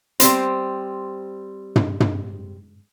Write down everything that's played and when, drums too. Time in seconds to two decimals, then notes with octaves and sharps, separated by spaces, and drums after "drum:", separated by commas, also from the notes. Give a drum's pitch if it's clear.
0.20 G3 C4 C5, drum: hi-hat
1.76 drum: tom
2.00 drum: tom